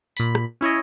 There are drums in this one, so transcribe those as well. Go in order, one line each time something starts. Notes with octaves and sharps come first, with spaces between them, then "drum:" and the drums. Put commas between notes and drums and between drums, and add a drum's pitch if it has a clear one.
A#2 B5, drum: tambourine
drum: rim click
C#4 E4 C#5 D#5